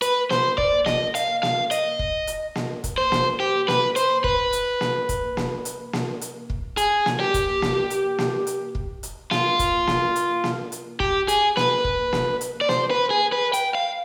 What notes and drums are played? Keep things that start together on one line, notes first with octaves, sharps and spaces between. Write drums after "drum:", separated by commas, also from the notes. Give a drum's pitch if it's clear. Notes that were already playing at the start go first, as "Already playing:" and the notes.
B4, drum: hi-hat
C5, drum: snare A#3
D5, drum: kick
D#5, drum: snare A#3
F5, drum: hi-hat
F5, drum: snare A#3
D#5, drum: hi-hat
drum: kick
drum: hi-hat
drum: snare A#3
drum: kick, hi-hat
C5
drum: snare A#3
G4
B4, drum: snare A#3
C5, drum: hi-hat
B4, drum: kick
drum: hi-hat
drum: snare A#3
drum: kick, hi-hat
drum: snare A#3
drum: hi-hat
drum: snare A#3
drum: hi-hat
drum: kick
G#4, drum: hi-hat
drum: snare A#3
G4
drum: kick, hi-hat
drum: snare A#3
drum: hi-hat
drum: snare A#3
drum: hi-hat
drum: kick
drum: hi-hat
F4, drum: snare A#3
drum: kick, hi-hat
drum: snare A#3
drum: hi-hat
drum: snare A#3
drum: hi-hat
G4, drum: kick
G#4, drum: hi-hat
B4, drum: snare A#3
drum: kick
drum: snare A#3
drum: hi-hat
D5
C5, drum: snare A#3
B4
G#4
B4
G5, drum: hi-hat
F5